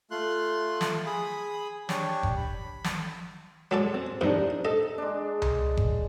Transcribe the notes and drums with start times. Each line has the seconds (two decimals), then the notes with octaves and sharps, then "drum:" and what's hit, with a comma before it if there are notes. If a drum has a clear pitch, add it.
0.11 A3 F4 C6 F#6
0.81 drum: snare
1.06 G#4 B5 D#6
1.89 D4 G4 C#5, drum: snare
2.23 drum: kick F#1
2.37 B5
2.84 drum: snare
3.71 F#3 G#3 A4 D5
3.94 C4
4.21 E2 G2 D4 D#4 C5
4.65 A4 D#5
4.98 G#3 D4
5.42 drum: tom C2
5.77 drum: kick F#1